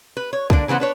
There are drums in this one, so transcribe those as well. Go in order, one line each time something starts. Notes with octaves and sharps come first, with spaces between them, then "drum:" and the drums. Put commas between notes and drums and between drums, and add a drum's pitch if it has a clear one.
B4
C#5
D3 A#3 D4, drum: kick
C#3 E3 B3 C5 F#5
D4 B4 C#5